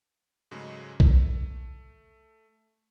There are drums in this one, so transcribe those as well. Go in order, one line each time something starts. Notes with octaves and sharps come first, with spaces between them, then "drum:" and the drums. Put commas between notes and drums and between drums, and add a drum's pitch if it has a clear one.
G#2 C#3 F#3 G#3 A3
A3, drum: kick B1